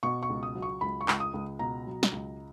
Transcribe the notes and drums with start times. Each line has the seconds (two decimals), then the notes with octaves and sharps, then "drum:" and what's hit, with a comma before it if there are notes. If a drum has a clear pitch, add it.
0.03 B2 C#6
0.23 C#6
0.30 C#2
0.43 D#6
0.55 F#3
0.62 C#6
0.81 C#2 B5
1.01 C#6
1.08 C#2, drum: clap
1.20 D#6
1.34 C#2
1.59 B2 A#5
1.87 F#3
2.03 drum: snare
2.12 C#2